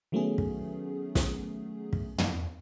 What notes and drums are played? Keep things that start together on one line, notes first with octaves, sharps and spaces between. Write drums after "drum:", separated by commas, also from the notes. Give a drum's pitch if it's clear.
D#3 F#3 A3 B3 C#4 G#4
drum: kick
drum: snare
drum: kick
drum: tom